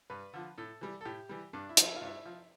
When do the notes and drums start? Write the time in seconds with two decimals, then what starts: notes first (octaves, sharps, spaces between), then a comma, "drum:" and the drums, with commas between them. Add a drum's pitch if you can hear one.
0.10 G2 B4
0.33 D3 F3
0.58 A2 A4
0.81 E3 G3
1.01 A4
1.05 A2 G4
1.29 E3 G3
1.53 G2 D4
1.69 E4
1.77 F3, drum: hi-hat
1.85 E4
1.96 F4
2.01 G2 E4
2.25 F3